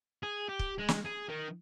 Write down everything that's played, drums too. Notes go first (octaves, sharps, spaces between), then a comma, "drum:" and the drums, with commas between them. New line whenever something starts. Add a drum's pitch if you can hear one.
G#4
G4
drum: kick
G#3
drum: snare
G#4
D#3